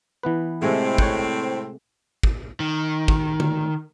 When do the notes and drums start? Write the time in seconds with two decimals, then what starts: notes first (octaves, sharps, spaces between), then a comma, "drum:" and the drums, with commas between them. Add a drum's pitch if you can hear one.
0.23 E3 B3 B4
0.62 A2 C3 G#3 A3 C4
0.98 C5 C#5 F#5, drum: kick
2.23 drum: kick
2.60 D#3
3.08 drum: kick
3.40 drum: tom D3